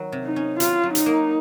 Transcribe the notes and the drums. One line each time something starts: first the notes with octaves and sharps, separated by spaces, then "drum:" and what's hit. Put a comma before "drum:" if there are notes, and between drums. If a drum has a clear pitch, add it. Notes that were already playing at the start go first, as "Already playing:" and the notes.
Already playing: D#3 F#3
C3
D#4
C#4
F#3 F4, drum: hi-hat
F#3
D#4, drum: hi-hat
A#3